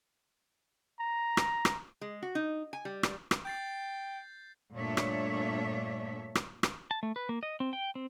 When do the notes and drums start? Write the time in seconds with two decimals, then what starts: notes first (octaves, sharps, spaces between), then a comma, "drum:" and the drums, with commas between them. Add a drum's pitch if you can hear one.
1.00 A#5
1.37 drum: rim click
1.65 drum: rim click
2.01 G#3
2.22 F#4
2.35 D#4
2.73 G#5
2.85 G3
3.03 drum: rim click
3.31 drum: rim click
3.45 G5 G6 A6 C7
4.75 G2 A#2 A3 D4 C#5 E5
4.97 drum: rim click
6.35 drum: rim click
6.63 drum: rim click
6.91 A5
7.03 A3
7.16 B4
7.29 A#3
7.43 D#5
7.60 C4
7.73 G5
7.95 C4